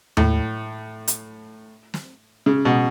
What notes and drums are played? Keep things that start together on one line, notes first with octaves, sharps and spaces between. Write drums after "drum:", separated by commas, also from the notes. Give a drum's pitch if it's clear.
A2, drum: tom D#2
drum: hi-hat
drum: snare
C#3
B2